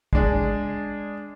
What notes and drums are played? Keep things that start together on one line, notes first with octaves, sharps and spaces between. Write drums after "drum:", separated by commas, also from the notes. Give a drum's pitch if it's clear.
G#3 D4 G#4, drum: kick